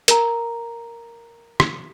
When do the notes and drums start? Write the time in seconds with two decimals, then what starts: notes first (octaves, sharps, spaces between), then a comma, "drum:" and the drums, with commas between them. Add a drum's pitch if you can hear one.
0.08 A#4 A#5, drum: hi-hat
1.60 drum: rim click